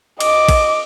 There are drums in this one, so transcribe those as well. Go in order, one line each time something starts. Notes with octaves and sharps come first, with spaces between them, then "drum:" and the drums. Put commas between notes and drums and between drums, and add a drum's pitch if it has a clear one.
D#5 D6, drum: cymbal
drum: kick, cymbal